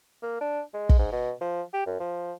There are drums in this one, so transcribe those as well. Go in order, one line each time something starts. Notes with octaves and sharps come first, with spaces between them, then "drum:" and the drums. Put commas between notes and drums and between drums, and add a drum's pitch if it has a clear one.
A#3
D4
G#3
drum: kick
G#2
B2
F3
G4
F#2
F3